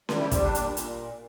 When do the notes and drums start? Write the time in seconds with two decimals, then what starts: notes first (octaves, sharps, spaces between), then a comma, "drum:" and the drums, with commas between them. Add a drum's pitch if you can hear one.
0.09 G3, drum: snare C#4
0.20 E4 G4
0.31 G3 C4, drum: kick, hi-hat
0.42 D4
0.55 A#2, drum: hi-hat
0.77 drum: hi-hat